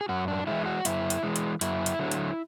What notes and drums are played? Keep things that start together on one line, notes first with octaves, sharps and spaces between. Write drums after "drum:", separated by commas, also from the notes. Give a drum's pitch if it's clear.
G#4
F#2 F#4
D4
E3 G#3 E4
F#4
F#2 E4, drum: hi-hat
drum: hi-hat
E3 G#3
drum: hi-hat
F#2 E4, drum: hi-hat
drum: hi-hat
D3 F#3
drum: hi-hat